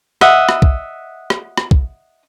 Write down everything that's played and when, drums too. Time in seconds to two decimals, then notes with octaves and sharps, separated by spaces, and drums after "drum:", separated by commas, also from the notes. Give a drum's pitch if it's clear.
0.21 D#5 E5 F#5, drum: rim click
0.49 drum: rim click
0.62 drum: kick C2
1.30 drum: rim click
1.58 drum: rim click
1.71 drum: kick C2